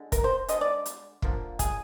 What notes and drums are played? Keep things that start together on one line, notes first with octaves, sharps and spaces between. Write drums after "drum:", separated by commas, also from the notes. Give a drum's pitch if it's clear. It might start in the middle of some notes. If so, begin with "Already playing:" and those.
Already playing: D3 G#3
A#4, drum: kick, hi-hat
C5
D3 G#3 D#5, drum: hi-hat
D5
drum: hi-hat
D3 F3 A#3, drum: kick
G#4, drum: kick, hi-hat